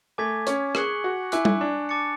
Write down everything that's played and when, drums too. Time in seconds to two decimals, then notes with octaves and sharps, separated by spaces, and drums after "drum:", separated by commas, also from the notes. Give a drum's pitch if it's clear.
0.18 A3 G#5 D6 G#6 B6
0.47 C#4, drum: hi-hat
0.75 G#4 C#6 F#6 C#7 F#7, drum: rim click
1.04 F#4
1.32 E4 G#5 D6 F#6, drum: hi-hat
1.45 drum: tom G3
1.61 D4
1.89 A5 D6 A6 C#7